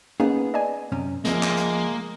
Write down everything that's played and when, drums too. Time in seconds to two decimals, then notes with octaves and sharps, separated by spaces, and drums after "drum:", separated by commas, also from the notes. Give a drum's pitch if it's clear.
0.20 A#3 B3 C#4 D#4 G#4
0.54 D5 D#5 G#5
0.92 F#2 C3 C#4
1.25 C#2 F3 G#3 A#3 E5, drum: snare
1.43 drum: clap
1.57 drum: hi-hat